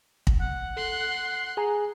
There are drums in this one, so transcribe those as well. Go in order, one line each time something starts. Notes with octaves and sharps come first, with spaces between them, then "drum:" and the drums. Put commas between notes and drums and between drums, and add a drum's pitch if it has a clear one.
drum: kick
F#5
A4 C6 F#6
C7
G#4 G#5 A#5